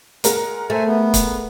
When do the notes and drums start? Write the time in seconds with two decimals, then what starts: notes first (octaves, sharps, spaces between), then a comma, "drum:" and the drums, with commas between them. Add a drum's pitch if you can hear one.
0.24 G#3 A#4 F#5, drum: hi-hat
0.70 A3 C5 E5 G#5
0.87 B3
1.14 drum: kick C#1, hi-hat